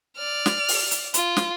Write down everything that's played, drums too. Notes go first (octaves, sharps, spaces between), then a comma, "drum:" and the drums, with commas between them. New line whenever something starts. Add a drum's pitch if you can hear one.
D5 F6
drum: snare
drum: open hi-hat
drum: hi-hat
F4, drum: hi-hat
drum: snare